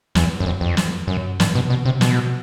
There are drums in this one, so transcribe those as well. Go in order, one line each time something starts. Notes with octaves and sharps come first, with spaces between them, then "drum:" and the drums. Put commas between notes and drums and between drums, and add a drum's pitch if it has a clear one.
E2, drum: snare
F#2
F2
F2
drum: snare
F#2
G2, drum: snare
B2
B2
C3
B2, drum: snare